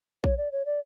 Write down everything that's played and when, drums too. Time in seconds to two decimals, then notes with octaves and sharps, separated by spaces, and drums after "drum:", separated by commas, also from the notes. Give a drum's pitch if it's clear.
0.24 C#5, drum: kick A#1
0.37 D5
0.52 C#5
0.65 D5